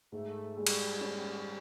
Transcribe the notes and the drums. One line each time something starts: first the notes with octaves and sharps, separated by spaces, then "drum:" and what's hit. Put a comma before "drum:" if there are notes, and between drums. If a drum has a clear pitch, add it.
G#2 A3
G3 G#3
drum: cymbal
C#4